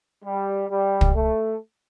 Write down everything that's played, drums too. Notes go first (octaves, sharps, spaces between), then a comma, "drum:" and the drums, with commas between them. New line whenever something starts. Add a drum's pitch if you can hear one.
G3
G3
drum: kick
A3